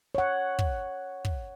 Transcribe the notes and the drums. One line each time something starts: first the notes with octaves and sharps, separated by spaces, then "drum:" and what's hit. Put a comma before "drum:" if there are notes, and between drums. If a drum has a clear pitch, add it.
C#5 F#5
drum: kick
drum: kick